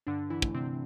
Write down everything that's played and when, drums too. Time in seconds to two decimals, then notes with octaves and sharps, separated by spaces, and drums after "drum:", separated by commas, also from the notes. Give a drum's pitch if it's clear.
0.07 G2 D3 D4
0.30 E3 E4
0.42 A3, drum: kick
0.54 C3 C4